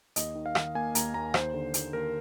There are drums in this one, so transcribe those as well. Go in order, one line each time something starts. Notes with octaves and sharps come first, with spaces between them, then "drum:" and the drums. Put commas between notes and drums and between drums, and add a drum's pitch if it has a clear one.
D#2 D#5, drum: hi-hat
D#3
F5
D#3, drum: rim click
A#3 G#5
D#2 A#5, drum: hi-hat
D#2 A#5
D#2 C5, drum: rim click
D3
D#2, drum: hi-hat
D#2 A#4